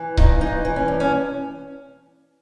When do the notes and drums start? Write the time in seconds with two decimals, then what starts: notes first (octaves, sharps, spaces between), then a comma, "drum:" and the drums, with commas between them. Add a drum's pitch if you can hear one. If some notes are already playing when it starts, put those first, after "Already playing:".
Already playing: E3
0.17 G2 D#4, drum: kick C#1
0.41 E3 D#4
0.65 E3
0.76 C#4
0.88 G2
1.00 C#4